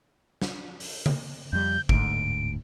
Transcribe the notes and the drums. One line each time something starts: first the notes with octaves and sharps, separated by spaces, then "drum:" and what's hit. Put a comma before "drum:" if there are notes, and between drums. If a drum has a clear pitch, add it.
drum: snare
drum: open hi-hat
drum: tom C#3
F2 G3 G6
D1 D2 G#2 D7, drum: kick G#1